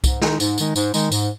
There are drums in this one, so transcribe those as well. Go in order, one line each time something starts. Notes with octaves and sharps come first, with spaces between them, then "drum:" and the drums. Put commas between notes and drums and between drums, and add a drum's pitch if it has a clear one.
G#2, drum: kick C2, tambourine
D#3 G#3 D#4, drum: snare
G#2, drum: tambourine
D#3 G#3 D#4, drum: tambourine
G#2, drum: tambourine
D#3 G#3 D#4, drum: tambourine
G#2, drum: tambourine